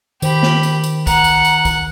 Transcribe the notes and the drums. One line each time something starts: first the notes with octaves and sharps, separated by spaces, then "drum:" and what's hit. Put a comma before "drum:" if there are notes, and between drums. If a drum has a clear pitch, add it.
D#3 G4 C5 B5, drum: tambourine
drum: snare A#3
drum: tambourine
drum: tambourine
F#5 A#5, drum: kick, tambourine
drum: tambourine
drum: tambourine
drum: kick, tambourine